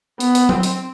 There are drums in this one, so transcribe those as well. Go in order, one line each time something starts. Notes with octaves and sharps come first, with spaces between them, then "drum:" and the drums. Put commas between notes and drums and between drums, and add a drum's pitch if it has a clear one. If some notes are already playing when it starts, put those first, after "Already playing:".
B3, drum: hi-hat
drum: hi-hat
C4, drum: tom F#3
drum: hi-hat